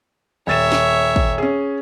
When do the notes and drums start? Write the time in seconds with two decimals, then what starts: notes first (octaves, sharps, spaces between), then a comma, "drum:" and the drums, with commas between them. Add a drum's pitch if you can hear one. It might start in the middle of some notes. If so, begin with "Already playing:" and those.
0.47 D#1 C#5 E5 A6 E7
0.72 drum: snare
1.16 drum: kick
1.38 C#4 G#4